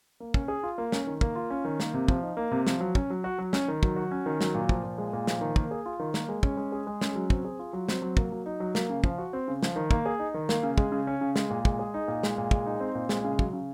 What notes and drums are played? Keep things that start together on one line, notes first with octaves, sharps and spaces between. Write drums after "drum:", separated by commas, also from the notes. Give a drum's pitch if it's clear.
A#3
C#4, drum: kick
G#4
F4
A#3
C#4, drum: snare
D#3
A#3, drum: kick
F4
C#4
D#3
A#3, drum: snare
C3
F3, drum: kick
D#4
A#3
C3
F3, drum: snare
F#3
C#4, drum: kick
F#3
F#4
F#3
C#4, drum: snare
D#3
F#3, drum: kick
F#4
C#4
D#3
F#3, drum: snare
A#2
F3, drum: kick
A#2
G#3
A#2
F3, drum: snare
D#3
A#3, drum: kick
G#4
F4
D#3
A#3, drum: snare
G#3
C#4, drum: kick
G#3
G#4
G#3
C#4, drum: snare
F#3
C4, drum: kick
G#4
F4
F#3
C4, drum: snare
F#3
A#3, drum: kick
F#3
D#4
F#3
A#3, drum: snare
C#3
F3, drum: kick
F#4
C4
C#3
F3, drum: snare
D#3
A#3, drum: kick
G#4
D#4
D#3
A#3, drum: snare
C#3
G#3, drum: kick
C#3
C#4
C#3
G#3, drum: snare
A#2
G#3, drum: kick
G#4
D#4
A#2
G#3, drum: snare
A#2
G#3, drum: kick
D#4
C4
A#2
G#3, drum: snare
C#3
F#3, drum: kick
C#3